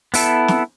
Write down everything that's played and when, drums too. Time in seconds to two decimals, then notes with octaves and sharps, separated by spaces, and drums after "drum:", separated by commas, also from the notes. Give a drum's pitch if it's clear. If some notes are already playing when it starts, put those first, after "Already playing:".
0.14 B3 E4 A4, drum: open hi-hat
0.48 drum: snare